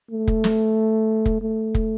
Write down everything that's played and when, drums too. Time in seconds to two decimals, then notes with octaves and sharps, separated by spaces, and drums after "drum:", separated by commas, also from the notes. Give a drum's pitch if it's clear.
0.11 A3
0.28 drum: kick
0.44 drum: snare
1.26 drum: kick
1.42 A3
1.75 drum: kick